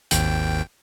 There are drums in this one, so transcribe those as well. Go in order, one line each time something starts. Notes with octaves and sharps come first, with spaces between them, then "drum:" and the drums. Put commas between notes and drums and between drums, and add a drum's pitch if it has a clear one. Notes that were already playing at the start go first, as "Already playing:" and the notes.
G#1 D#2 G5, drum: hi-hat